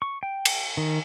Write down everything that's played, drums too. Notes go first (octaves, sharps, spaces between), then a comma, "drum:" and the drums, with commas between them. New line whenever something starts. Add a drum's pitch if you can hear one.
C#6
G5
drum: cymbal
D#3